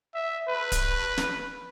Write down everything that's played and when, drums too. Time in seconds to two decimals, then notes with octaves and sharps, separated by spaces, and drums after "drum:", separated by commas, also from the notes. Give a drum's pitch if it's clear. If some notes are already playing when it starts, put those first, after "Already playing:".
0.15 E5
0.49 B4
0.72 drum: kick D1, hi-hat
1.17 drum: snare